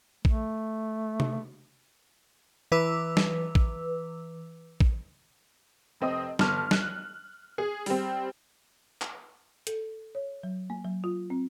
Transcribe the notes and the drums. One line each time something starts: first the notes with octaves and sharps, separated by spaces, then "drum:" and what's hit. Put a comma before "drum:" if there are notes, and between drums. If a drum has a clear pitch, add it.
A3, drum: kick
drum: tom C3
E3 B4 D6 E6
drum: snare
drum: kick
drum: kick
F1 C4 D#5 D#6
G1 A5 F6, drum: snare
F#6, drum: snare
G#4
G3 C4, drum: open hi-hat
drum: clap
A4, drum: hi-hat
C#5
F#3
A#3
F#3
F4
C4